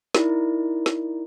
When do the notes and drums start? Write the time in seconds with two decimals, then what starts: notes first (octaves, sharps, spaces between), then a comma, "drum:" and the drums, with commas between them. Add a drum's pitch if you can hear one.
0.15 D#4 E4 A#4 D5, drum: snare
0.86 drum: snare